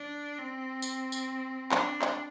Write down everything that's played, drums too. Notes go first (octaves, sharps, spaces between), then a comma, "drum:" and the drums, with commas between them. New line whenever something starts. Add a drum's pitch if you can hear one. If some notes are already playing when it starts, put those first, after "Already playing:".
Already playing: D4
C4
drum: tambourine
drum: tambourine
D4, drum: clap
drum: clap